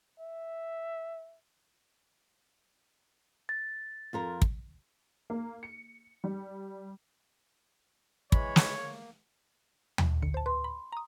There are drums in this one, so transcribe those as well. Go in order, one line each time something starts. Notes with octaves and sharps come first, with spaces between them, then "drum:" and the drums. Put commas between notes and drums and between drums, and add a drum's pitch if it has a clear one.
E5
A6
F2 F4 A#4
drum: kick
A#3
C#7
G3
E3 G#3 C#5 B5, drum: kick
drum: snare
A#3
drum: tom D#2
A1 D3 C#7
C5 A5
B4 C6
B5
A#5 D#6